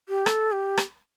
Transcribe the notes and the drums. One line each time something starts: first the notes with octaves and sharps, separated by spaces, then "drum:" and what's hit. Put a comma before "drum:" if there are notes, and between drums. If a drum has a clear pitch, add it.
G4
A4, drum: rim click
G4
drum: rim click